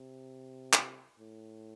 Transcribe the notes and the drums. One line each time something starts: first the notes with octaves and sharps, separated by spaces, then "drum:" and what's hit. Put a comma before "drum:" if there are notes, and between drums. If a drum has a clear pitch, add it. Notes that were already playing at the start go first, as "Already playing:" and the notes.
Already playing: C3
drum: clap
A2